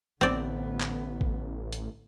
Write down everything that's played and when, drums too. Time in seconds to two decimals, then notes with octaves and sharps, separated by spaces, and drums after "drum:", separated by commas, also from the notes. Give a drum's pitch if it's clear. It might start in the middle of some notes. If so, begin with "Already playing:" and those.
0.21 A1 D3 B3 C4 D5
0.81 drum: clap
1.21 drum: kick A1
1.73 drum: hi-hat